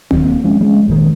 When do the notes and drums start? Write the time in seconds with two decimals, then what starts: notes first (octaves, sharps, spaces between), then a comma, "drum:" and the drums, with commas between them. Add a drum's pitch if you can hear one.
0.11 D1 D#2 F#3, drum: tom C4
0.24 A#3
0.44 F3 G#3 C#4
0.61 G3 G#3 C#4
0.88 F1 A#2 D3 D#3